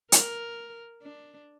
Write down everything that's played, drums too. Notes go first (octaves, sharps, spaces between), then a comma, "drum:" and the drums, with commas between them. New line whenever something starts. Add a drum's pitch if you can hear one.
A#4, drum: hi-hat
D4